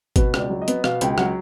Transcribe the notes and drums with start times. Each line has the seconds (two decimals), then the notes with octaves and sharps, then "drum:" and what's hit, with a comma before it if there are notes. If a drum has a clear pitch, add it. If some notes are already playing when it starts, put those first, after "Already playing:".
0.16 B2 B4, drum: kick G#1, hi-hat
0.34 C#2 D5, drum: rim click
0.50 F#3
0.62 D#5
0.68 B3, drum: hi-hat
0.84 B2 F5, drum: rim click
1.01 C#2 G5, drum: hi-hat
1.18 F#3 F#5, drum: rim click